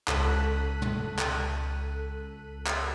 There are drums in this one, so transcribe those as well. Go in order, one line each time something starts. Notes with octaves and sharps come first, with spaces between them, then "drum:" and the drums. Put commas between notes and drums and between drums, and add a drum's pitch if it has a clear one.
C#2 A4 F#6 B6 D#7, drum: clap
drum: tom
drum: clap
drum: clap